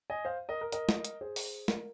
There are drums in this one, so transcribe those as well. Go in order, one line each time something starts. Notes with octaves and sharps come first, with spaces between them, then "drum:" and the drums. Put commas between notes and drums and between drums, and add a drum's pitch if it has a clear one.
D#5 G#5
C5 F5
A#4 D#5
A#4
A#4 D#5, drum: hi-hat
drum: snare
drum: hi-hat
G#4 C5
drum: open hi-hat
A#4, drum: snare